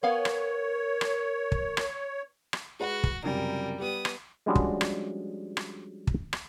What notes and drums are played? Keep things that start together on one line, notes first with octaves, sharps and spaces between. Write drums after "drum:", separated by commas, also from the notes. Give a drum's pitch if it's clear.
B3 A#4 C#5 F5 G#5
drum: rim click
drum: rim click
drum: kick
drum: rim click
drum: rim click
G#3 F#4 B4 F#5
drum: kick
C#2 F#2 C3 G3 A#4
B3 G4 D#6
drum: rim click
F3 G3 G#3 C#4 D4 F#4
drum: kick
drum: rim click
drum: rim click
drum: kick
drum: rim click